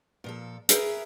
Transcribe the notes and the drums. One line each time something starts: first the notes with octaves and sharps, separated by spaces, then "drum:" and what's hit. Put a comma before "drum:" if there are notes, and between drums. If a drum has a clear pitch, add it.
A#2 F3 A4
G#4 A#4 B4 E5 A#5, drum: hi-hat